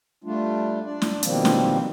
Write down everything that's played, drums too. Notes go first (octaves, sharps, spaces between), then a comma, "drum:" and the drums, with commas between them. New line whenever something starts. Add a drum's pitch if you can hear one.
G3 A3 D4 F4
D4 D5
drum: snare
B2 D#3 F3 G3 A#3 C4, drum: hi-hat
drum: snare